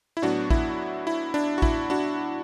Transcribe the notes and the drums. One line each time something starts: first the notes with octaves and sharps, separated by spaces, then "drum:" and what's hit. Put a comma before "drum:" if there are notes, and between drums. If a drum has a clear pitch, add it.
E4
A2 F#3 B3 D4 F#4
E4, drum: kick A1
E4
D4
F#4
E4, drum: kick A1
D4 F#4